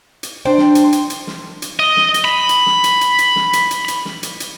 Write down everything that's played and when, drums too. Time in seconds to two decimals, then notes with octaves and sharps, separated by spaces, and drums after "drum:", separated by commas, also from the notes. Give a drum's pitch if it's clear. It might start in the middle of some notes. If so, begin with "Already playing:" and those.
0.23 drum: hi-hat
0.45 D4 C5 G5
0.58 drum: snare
0.75 drum: hi-hat
0.92 drum: hi-hat
1.10 drum: hi-hat
1.27 drum: snare
1.62 drum: hi-hat
1.79 D#5
1.97 drum: snare
2.14 drum: hi-hat
2.25 B5
2.49 drum: hi-hat
2.66 drum: snare
2.84 drum: hi-hat
3.01 drum: hi-hat
3.18 drum: hi-hat
3.36 drum: snare
3.53 drum: hi-hat
3.71 drum: hi-hat
3.88 drum: hi-hat
4.05 drum: snare
4.23 drum: hi-hat
4.40 drum: hi-hat